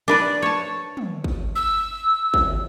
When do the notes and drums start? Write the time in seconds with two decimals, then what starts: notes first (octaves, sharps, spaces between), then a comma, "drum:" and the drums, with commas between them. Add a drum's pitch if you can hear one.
0.08 D4 B4 D5
0.42 C#5 A5
0.97 drum: tom
1.24 drum: kick
1.56 E6
2.34 drum: kick